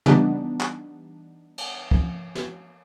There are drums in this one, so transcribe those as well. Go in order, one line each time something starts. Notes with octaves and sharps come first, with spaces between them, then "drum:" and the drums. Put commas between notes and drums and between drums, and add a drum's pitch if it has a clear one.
E3 G3 B3 D4 D#4, drum: tom
drum: clap
drum: cymbal
drum: kick
drum: snare